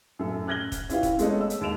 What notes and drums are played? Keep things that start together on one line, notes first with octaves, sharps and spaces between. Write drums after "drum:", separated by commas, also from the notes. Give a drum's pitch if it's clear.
F#2 A2 A4
F6 F#6 G#6 A#6 F#7 G7
drum: kick, hi-hat
C#4 E4 F4 G4 B4, drum: hi-hat
drum: kick, hi-hat
G#3 A3 B3 A4 C#5 D#5, drum: hi-hat
E6
drum: hi-hat
D#2 G#3 D7 E7 F7